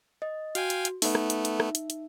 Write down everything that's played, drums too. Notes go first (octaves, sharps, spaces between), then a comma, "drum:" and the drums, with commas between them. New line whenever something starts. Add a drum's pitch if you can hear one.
D#5
F#4 F5 G5 G#5, drum: hi-hat
drum: hi-hat
drum: hi-hat
A3 B3 D#4 E5, drum: open hi-hat
drum: rim click
drum: hi-hat
drum: hi-hat
drum: rim click
drum: hi-hat
drum: hi-hat